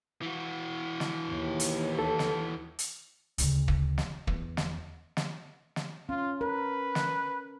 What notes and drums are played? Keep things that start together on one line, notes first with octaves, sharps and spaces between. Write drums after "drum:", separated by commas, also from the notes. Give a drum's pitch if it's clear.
E3 F#4
drum: snare
D#2
drum: hi-hat
A4
drum: snare
drum: hi-hat
D2 C#3, drum: hi-hat
drum: kick
drum: snare
E2, drum: kick
drum: snare
drum: snare
drum: snare
C#4 F4
A#4 B4
drum: snare